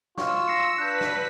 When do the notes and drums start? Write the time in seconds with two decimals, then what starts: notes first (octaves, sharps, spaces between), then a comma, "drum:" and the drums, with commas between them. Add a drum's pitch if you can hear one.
0.18 F4 C#6 E6 F6, drum: snare
0.48 A#6 C7 C#7
0.78 D4 B4 F#6 G6 B6
1.01 drum: snare